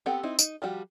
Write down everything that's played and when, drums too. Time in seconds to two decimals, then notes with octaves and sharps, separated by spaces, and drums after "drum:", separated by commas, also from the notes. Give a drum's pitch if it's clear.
0.06 B3 C4 G4 A4 F#5
0.23 C4 D#4 E4
0.39 D#4, drum: tambourine
0.62 F3 G3 F#4 G4